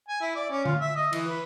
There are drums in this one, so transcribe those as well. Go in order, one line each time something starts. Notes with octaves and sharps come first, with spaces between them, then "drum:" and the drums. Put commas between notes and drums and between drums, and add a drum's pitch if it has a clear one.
G#5
E4
D5
C#4
F4, drum: tom D3
E5
D#5
E3, drum: cymbal
B4